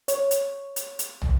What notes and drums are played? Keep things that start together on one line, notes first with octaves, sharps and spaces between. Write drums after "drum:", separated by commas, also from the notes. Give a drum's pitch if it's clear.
C#5, drum: hi-hat
drum: hi-hat
drum: hi-hat
drum: hi-hat
drum: tom